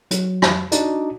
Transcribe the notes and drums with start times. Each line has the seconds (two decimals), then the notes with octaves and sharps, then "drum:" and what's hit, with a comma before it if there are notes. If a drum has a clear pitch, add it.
0.11 F#3, drum: hi-hat
0.42 drum: rim click
0.72 D4 D#4 F#4 D5, drum: hi-hat